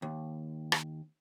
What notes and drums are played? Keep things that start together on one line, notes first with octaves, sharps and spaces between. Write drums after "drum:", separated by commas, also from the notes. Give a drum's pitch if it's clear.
D#2
drum: rim click